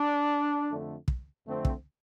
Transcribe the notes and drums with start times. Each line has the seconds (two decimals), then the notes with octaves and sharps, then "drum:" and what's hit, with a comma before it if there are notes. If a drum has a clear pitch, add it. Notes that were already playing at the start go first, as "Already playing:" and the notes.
Already playing: D4
0.69 F2 D3 A3
1.08 drum: kick
1.46 F2 D3 A3 C4
1.65 drum: kick